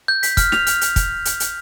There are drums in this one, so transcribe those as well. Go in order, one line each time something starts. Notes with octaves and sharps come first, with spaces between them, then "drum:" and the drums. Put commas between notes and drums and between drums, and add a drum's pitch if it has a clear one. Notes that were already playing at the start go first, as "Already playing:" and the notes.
G6
B6, drum: hi-hat
F6, drum: kick, hi-hat
F7, drum: snare
F6, drum: hi-hat
drum: hi-hat
drum: kick, hi-hat
drum: hi-hat
drum: hi-hat